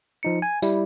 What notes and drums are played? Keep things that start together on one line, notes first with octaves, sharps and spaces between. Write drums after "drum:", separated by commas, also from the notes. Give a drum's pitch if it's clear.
F3 D#4 C#7
G#5
G3 E4, drum: tambourine